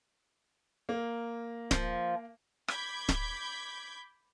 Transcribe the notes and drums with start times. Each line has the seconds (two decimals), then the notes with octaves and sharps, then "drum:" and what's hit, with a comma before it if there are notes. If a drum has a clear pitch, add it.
0.89 A#3
1.71 F3, drum: snare
2.68 B5 D6 G6 G#6 B6, drum: rim click
3.09 drum: snare